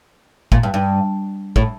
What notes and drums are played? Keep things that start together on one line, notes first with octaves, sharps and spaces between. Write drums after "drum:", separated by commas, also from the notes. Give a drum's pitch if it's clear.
A#2, drum: kick
G2
G2
A2, drum: kick